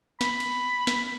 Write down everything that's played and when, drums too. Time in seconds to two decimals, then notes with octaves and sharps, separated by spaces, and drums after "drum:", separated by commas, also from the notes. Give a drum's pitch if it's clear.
0.21 B5, drum: snare
0.40 drum: cymbal
0.87 drum: snare